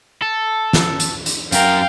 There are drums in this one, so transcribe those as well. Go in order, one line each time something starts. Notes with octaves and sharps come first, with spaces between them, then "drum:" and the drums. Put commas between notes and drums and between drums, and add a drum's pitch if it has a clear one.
A4
drum: snare
drum: hi-hat
drum: hi-hat
F#2 A#4 F5 G5, drum: hi-hat